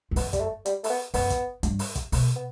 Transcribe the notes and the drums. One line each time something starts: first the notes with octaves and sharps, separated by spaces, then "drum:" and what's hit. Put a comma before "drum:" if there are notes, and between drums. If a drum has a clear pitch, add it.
E2
F#2 B3, drum: open hi-hat
G3, drum: kick, hi-hat
A3
G3, drum: hi-hat
A3, drum: open hi-hat
B3
F#2 B3, drum: open hi-hat
drum: kick, hi-hat
G2, drum: hi-hat
drum: open hi-hat
drum: kick, hi-hat
B2, drum: open hi-hat
B3